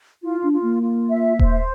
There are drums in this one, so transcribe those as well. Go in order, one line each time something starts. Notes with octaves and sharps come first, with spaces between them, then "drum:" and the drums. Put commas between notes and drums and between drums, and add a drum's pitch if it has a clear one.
E4 F4
D4
F4
A#3
F4
E5
C5, drum: kick D#1